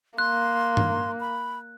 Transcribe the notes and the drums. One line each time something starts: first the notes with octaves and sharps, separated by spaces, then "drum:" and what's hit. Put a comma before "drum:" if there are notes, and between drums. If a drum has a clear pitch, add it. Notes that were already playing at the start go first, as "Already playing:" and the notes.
A#3 C6 F#6
drum: tom
B5